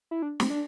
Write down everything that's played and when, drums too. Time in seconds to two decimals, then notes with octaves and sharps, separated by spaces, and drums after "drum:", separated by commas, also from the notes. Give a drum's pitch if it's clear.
0.11 E4
0.22 D4
0.40 C4, drum: snare
0.50 D4